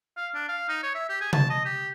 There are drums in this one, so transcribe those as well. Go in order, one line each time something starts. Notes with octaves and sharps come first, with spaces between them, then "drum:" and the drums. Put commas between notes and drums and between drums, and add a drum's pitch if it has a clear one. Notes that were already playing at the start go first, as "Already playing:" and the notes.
F5
D4
F5
D#4
C#5
E5
G4
G#4
A5, drum: tom C3
D#5
G4